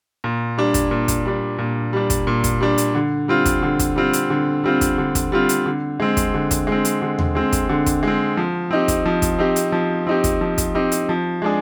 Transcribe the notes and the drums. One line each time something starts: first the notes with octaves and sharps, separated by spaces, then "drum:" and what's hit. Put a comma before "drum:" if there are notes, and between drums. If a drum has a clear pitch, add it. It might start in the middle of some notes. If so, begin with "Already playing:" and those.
A#2
G3 D4
drum: kick, hi-hat
A#2
drum: kick, hi-hat
G3 D4
A#2
G3 D4
drum: kick, hi-hat
A#2
drum: kick, hi-hat
G3 D4
drum: hi-hat
D3
G3 C4 F4
drum: kick, hi-hat
D3
drum: kick, hi-hat
G3 C4 F4
drum: hi-hat
D3
G3 C4 F4
drum: kick, hi-hat
D3
drum: kick, hi-hat
G3 C4 F4
drum: hi-hat
D3
G#3 C4
drum: kick, hi-hat
D3
drum: kick, hi-hat
G#3 C4
drum: hi-hat
D3
drum: tom D#2
G#3 C4
drum: kick, hi-hat
D3
drum: kick, hi-hat
G#3 C4
F3
C4 D#4 G4
drum: kick, hi-hat
F3
drum: kick, hi-hat
C4 D#4 G4
drum: hi-hat
F3
C4 D#4 G4
drum: kick, hi-hat
F3
drum: kick, hi-hat
C4 D#4 G4
drum: hi-hat
F3
G#3 D4 G#4